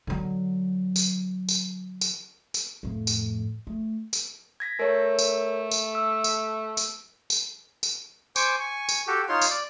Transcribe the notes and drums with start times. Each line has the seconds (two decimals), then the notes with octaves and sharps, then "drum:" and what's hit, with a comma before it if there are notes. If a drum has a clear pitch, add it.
0.07 D3 F#3
0.96 drum: tambourine
1.49 drum: tambourine
2.01 drum: tambourine
2.54 drum: tambourine
2.83 F2 A2
3.07 drum: tambourine
3.67 A3
4.13 drum: tambourine
4.60 G#6 A#6 B6
4.79 A3 A#4 C#5
5.19 drum: tambourine
5.71 drum: tambourine
5.95 E6
6.24 drum: tambourine
6.77 drum: tambourine
7.30 drum: tambourine
7.83 drum: tambourine
8.36 C5 G#5 C#6 D6, drum: tambourine
8.60 G#5 C#6
8.89 drum: tambourine
9.07 F#4 G4 A4
9.29 D#4 F4 C#5 C6
9.41 drum: tambourine
9.51 D5